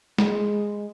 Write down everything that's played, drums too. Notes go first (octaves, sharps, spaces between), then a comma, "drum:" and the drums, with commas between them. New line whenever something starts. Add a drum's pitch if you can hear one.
G#3, drum: snare